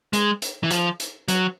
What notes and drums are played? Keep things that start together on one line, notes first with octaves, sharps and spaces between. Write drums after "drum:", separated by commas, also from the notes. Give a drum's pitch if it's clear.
G#3, drum: hi-hat
drum: hi-hat
E3
F3, drum: hi-hat
drum: hi-hat
F#3, drum: hi-hat